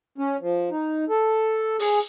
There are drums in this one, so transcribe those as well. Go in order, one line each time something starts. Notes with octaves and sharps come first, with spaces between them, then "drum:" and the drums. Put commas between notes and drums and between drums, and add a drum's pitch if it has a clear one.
C#4
F3
D#4
A4
G#4, drum: open hi-hat